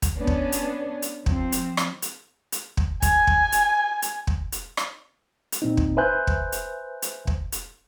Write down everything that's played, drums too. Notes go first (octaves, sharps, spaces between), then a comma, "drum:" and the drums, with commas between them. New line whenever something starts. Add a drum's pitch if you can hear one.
drum: kick, hi-hat
B3 C#4 D4
drum: kick
drum: hi-hat
drum: hi-hat
F3 C4, drum: kick
drum: hi-hat
drum: rim click
drum: hi-hat
drum: hi-hat
drum: kick
G#5, drum: kick, hi-hat
drum: kick
drum: hi-hat
drum: hi-hat
drum: kick
drum: hi-hat
drum: rim click
drum: hi-hat
A#2 C4 D#4
drum: kick
B4 C5 E5 G#5 F#6 G6
drum: kick
drum: hi-hat
drum: hi-hat
drum: kick
drum: hi-hat